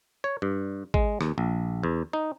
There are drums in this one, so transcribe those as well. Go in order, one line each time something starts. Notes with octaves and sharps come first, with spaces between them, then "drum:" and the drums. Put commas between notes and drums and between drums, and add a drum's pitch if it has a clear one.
C#5
G2
G#3, drum: kick G#1
D#2, drum: rim click
A#1
E2
D#4